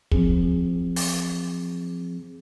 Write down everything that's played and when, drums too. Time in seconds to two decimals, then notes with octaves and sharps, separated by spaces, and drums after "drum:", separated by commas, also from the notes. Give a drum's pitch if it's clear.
0.11 F3 C4 G#4, drum: kick
0.96 drum: open hi-hat